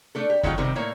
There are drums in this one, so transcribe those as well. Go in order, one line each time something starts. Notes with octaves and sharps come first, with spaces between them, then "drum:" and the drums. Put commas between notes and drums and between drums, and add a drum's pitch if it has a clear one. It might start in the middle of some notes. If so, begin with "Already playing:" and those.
A3 D4 A4
G4
D#3 F#3 A3 F4 C5 G5, drum: kick F#1
C3 D#3 G3 C4
A2 A#3 C#5